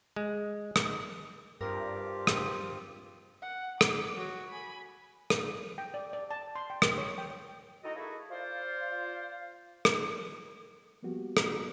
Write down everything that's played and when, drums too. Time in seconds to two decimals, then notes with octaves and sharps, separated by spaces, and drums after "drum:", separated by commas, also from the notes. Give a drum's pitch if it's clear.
0.16 G#3
0.76 drum: rim click
1.61 G2 C4 F4 G4 A#4
2.27 drum: rim click
3.42 F#5
3.81 D6, drum: rim click
4.17 F#4 C#5
4.48 G#5 B5
5.30 drum: rim click
5.78 G5
5.94 D5
6.13 D5
6.31 A5
6.55 C6
6.70 G5
6.82 drum: rim click
6.98 C#5
7.18 G5
7.83 D#4 E4 F#4 A4 D#5
7.96 A3 A#3 E4 F#4 G#4 A4
8.30 F4 C5 D5 F5
9.85 drum: rim click
11.03 F3 G3 A#3 B3 F#4 G4
11.37 drum: rim click